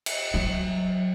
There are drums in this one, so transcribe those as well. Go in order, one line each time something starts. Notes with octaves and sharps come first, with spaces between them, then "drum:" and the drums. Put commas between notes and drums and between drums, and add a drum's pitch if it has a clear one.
drum: cymbal
F#3